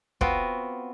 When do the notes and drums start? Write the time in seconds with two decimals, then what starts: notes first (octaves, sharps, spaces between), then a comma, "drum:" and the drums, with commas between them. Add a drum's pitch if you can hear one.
0.21 B3 C4 F4 F#4, drum: kick